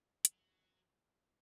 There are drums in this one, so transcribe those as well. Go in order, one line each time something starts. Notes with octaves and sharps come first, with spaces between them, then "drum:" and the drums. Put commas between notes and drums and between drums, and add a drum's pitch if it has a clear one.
E3, drum: hi-hat
F#3